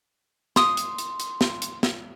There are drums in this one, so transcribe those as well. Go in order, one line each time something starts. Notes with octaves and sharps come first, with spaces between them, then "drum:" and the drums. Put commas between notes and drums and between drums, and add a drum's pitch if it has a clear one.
C6 D#6, drum: snare
drum: hi-hat
drum: hi-hat
drum: hi-hat
drum: snare
drum: hi-hat
drum: snare